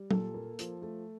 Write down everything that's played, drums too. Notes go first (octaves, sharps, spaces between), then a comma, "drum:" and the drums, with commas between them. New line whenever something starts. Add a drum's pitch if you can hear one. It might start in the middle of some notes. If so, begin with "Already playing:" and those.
Already playing: G3
A#2 A4, drum: tom
A#3
F3, drum: hi-hat
A3